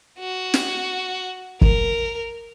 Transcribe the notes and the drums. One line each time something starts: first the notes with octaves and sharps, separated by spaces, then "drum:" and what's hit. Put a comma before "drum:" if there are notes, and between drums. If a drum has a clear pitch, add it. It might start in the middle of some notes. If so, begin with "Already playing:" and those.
F#4
drum: snare
A#4, drum: kick